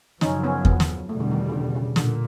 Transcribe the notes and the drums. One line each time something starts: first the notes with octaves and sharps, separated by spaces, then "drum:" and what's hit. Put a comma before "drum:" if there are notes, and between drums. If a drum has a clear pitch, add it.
F#2 C#3 F3 C#4 D#4, drum: snare
B3 C#4
B3, drum: kick E2
drum: snare
E2 B2 G3 A3
D3
D#3
C#3
D3
C#3
A#2 D3, drum: snare